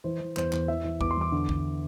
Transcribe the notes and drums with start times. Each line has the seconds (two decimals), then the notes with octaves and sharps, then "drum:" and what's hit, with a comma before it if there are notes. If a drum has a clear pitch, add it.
0.04 E3 C5
0.20 E3
0.37 E2 C5, drum: clap
0.52 E2, drum: clap
0.68 E3 E5
0.84 E3
1.01 E2 D6, drum: kick
1.11 C6
1.17 E2 D6
1.32 D3
1.49 D3, drum: kick